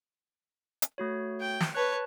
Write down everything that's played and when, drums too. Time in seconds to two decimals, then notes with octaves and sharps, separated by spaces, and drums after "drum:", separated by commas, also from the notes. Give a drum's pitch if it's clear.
0.82 drum: hi-hat
0.98 A3 F#4 C#5
1.40 G5
1.60 drum: snare
1.75 B4 C#5 A5 F#6